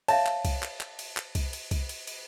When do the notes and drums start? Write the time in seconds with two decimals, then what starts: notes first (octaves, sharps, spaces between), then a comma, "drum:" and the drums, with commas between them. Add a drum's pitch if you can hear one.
0.08 C#5 E5 F5 A5, drum: cymbal
0.27 drum: clap
0.45 drum: kick C2, cymbal
0.63 drum: clap
0.81 drum: clap
0.99 drum: cymbal
1.17 drum: clap
1.35 drum: kick C2, cymbal
1.53 drum: cymbal
1.71 drum: kick C2, cymbal
1.89 drum: cymbal
2.07 drum: cymbal